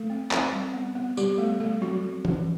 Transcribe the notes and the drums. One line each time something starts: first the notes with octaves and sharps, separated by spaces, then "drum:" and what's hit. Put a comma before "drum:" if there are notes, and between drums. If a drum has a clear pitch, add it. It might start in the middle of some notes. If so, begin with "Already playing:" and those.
Already playing: A3 A4
C4
C4, drum: clap
G3
B3
B3
G3 B3 G4, drum: tambourine
A3 B3 A4
G3 A3 A4
F#3 C4 F#4
F#3
F#3, drum: tom